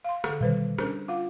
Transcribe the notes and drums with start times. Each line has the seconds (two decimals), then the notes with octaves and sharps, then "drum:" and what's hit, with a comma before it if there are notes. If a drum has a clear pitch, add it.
0.04 F5 C6
0.24 D3 A4 F#5, drum: rim click
0.40 B2 D#3 G3 B4 C5
0.78 C#4 D4 A#4 C5, drum: rim click
1.08 F4 F5 F#5